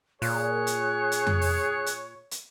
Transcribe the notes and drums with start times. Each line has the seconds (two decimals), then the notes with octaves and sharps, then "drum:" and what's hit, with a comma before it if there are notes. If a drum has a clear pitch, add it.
0.22 A#2 G#4 C#5 F#6, drum: open hi-hat
0.67 drum: hi-hat
1.12 drum: hi-hat
1.27 drum: tom F2
1.42 drum: open hi-hat
1.86 drum: hi-hat
2.31 drum: hi-hat